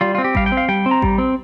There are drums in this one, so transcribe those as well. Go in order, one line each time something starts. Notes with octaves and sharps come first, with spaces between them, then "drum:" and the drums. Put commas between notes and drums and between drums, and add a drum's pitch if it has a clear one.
G3 F4
C4 F4
G4
G3 F5, drum: kick A1
G5
C4
F5
G3 G5
C4
A#5
G3, drum: kick A1
C4